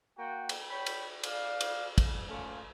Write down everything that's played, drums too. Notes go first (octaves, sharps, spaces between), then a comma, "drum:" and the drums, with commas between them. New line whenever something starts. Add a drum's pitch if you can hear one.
A#3 F#4 G5
drum: cymbal
C#5 G5 B5
drum: cymbal
D5 F5, drum: cymbal
drum: cymbal
drum: kick, cymbal
A3 A#3 C#4 F4